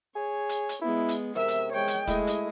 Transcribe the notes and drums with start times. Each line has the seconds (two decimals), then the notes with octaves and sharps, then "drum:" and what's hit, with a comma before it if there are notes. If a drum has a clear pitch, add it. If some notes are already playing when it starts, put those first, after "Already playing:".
0.16 G#4 C#5
0.49 drum: hi-hat
0.69 drum: hi-hat
0.82 G#3 B3 E4
1.09 drum: hi-hat
1.36 C3 A#4 E5
1.48 drum: hi-hat
1.73 G#3 C#5 G5
1.88 drum: hi-hat
2.07 G#3 A3 E4 D#5, drum: kick, hi-hat
2.27 drum: hi-hat